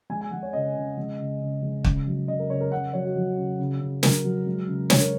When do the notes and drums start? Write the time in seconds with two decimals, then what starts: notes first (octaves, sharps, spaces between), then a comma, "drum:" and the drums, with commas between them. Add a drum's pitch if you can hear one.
0.10 G#3 G#5
0.21 G#5
0.31 G#3 F#5
0.43 C#5
0.53 C#3 D#5
0.75 C#3
0.97 G#3
1.19 C#3
1.40 C#3
1.62 G#3
1.84 C#3, drum: kick
2.07 F#3
2.28 C#3 D#5
2.40 A#4
2.50 C#3 C#5
2.61 A#4
2.72 C#3 F#5
2.93 F#3 C#5
3.05 F#4
3.16 F#3
3.37 C#3
3.59 C#3
3.80 C#3
4.03 F#3 A#4, drum: snare
4.24 F#3
4.46 G#3
4.68 C#3
4.90 G#3 C#5, drum: snare
5.01 A#4